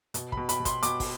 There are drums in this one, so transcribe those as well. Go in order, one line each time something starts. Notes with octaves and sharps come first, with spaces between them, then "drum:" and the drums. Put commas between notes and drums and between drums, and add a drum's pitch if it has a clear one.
B2, drum: hi-hat
B2 B5, drum: kick
B5, drum: hi-hat
B2
C6, drum: kick, hi-hat
B2 D6, drum: hi-hat
drum: kick, open hi-hat